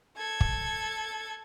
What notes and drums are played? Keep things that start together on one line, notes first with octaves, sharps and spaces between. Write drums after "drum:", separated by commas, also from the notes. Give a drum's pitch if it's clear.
A4 G#6
drum: kick